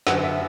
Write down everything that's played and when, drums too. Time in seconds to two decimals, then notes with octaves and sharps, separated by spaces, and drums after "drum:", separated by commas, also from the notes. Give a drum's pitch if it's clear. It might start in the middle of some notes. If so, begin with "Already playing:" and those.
0.07 F#2 D3 B3 F#5, drum: snare
0.24 E5